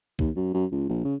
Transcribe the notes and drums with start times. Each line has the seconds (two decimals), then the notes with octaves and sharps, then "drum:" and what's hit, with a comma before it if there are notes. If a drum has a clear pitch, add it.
0.19 D#2, drum: kick C2
0.36 F#2
0.54 F#2
0.71 C#2
0.89 A#1
1.05 C#3